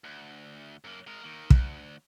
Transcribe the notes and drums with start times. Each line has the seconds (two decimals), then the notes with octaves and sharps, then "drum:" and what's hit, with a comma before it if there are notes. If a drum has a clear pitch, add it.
0.04 D2
0.84 F#2 A#3
1.07 G#3 A#4
1.23 D#3 A#3
1.50 D2, drum: kick